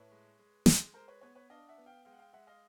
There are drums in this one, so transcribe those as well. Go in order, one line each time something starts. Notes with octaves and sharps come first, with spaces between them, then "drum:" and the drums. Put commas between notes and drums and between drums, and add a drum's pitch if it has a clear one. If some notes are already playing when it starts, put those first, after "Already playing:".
Already playing: A2 B4 C#5
G#3
G#3
G#3, drum: snare
G#3 A#4 C5
B4 C#5
B3 B4 C#5
B4 C#5
D4 D#5 F5
E5 F#5
B3
F5 G5
G#3 F5 G5
F#5
F5 G5
G#3 E5 F#5
D#5 F5